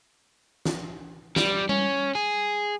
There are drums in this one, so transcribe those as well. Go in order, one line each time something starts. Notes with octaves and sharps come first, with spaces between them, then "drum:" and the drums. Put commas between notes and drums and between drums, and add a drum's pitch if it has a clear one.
drum: snare
G3, drum: snare
C#4, drum: tom G3
G#4